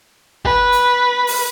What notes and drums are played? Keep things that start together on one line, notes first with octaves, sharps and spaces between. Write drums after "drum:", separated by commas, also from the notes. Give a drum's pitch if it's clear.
B4, drum: kick
drum: hi-hat
drum: open hi-hat